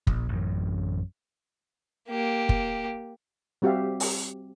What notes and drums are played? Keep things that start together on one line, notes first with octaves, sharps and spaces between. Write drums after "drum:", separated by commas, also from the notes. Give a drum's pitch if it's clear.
A#1, drum: kick
A1 F#2
A#3 G4
drum: kick
G3 C4 F#4 G4 E5 F5
drum: open hi-hat